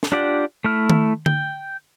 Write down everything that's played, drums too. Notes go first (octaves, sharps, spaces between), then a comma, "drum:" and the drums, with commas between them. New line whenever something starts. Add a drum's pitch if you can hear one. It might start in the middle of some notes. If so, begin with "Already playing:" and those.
drum: snare
D4 F4 G4 D5 F#5
A3 E4 F6
drum: tom D#3
G5, drum: tom D3